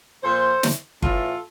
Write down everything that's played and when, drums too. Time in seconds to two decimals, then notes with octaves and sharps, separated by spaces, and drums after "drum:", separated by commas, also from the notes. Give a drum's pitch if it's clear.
0.23 A#2 F3 A4 C5
0.63 drum: snare
1.03 A2 E3 F4 A4, drum: kick G1